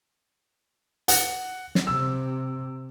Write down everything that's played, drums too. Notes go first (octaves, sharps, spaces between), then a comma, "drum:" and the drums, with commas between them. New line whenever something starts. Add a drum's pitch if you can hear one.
F#5, drum: hi-hat
drum: snare
C3 E6